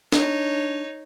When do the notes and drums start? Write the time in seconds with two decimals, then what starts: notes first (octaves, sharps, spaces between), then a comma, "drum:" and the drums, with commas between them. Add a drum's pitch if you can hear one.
0.12 D4 D#4 C#5, drum: snare